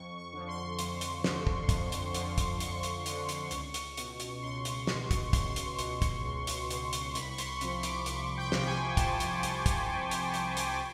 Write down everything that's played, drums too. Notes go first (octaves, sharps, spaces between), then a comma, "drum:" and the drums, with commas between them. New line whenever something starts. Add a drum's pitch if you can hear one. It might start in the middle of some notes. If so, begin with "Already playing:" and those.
Already playing: F2 C#6
C#6
D3 F3
C6
F2, drum: hi-hat
drum: hi-hat
D3 F3, drum: snare
drum: kick
F2, drum: kick, hi-hat
drum: hi-hat
D3 F3, drum: hi-hat
drum: kick, hi-hat
F2 C#6, drum: hi-hat
drum: hi-hat
D3 F3, drum: hi-hat
drum: hi-hat
C#2, drum: hi-hat
drum: hi-hat
B2, drum: hi-hat
drum: hi-hat
C#2 C6
drum: hi-hat
B2, drum: snare
drum: kick, hi-hat
C#2 C6, drum: kick, hi-hat
drum: hi-hat
B2, drum: hi-hat
drum: kick, hi-hat
C#2
drum: hi-hat
B2, drum: hi-hat
drum: hi-hat
C2 B5, drum: hi-hat
C#6
C6, drum: hi-hat
C3 F3, drum: hi-hat
D6, drum: hi-hat
C2 C#6, drum: hi-hat
G5
C3 F3, drum: snare
G5
G#5
C2 A5, drum: kick, hi-hat
drum: hi-hat
C3 F3, drum: hi-hat
drum: kick, hi-hat
C2
drum: hi-hat
C3 F3, drum: hi-hat
drum: hi-hat
G#5